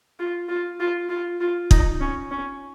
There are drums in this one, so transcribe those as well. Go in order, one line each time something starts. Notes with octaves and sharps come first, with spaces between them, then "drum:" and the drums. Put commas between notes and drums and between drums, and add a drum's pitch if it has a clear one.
F4
F4
F4
F4
F4
D#4, drum: kick
C#4
C#4